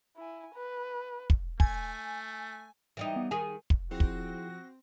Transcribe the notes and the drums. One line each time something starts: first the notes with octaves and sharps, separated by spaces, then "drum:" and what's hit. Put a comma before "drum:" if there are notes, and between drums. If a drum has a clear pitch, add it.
E4 G#5
B4
drum: kick
A3 G#5, drum: kick
E3 G3 D#4
B3
D#3 G#4 G#5
drum: kick
F3 C4 E4 F#4 G#4 G5 A#6
drum: kick